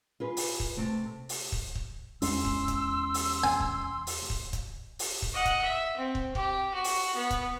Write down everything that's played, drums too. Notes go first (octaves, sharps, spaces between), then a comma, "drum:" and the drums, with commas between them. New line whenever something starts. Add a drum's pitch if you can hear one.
F4 G#4 B4
drum: open hi-hat
drum: kick
C3 A3
drum: open hi-hat
drum: kick
drum: kick
E2 G#3 C#4 C6 E6, drum: open hi-hat
drum: kick
drum: kick, hi-hat
drum: open hi-hat
G#5
drum: kick
drum: open hi-hat
drum: kick
drum: kick, hi-hat
drum: open hi-hat
drum: kick
D#5 F#5
drum: kick, hi-hat
E5
C4
drum: kick
G4, drum: kick
F#4
drum: open hi-hat
B3
drum: kick, hi-hat